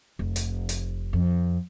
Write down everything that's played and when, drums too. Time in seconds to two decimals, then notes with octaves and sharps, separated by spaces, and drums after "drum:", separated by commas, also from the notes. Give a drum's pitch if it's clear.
0.19 F1
0.36 drum: hi-hat
0.69 drum: hi-hat
1.13 F2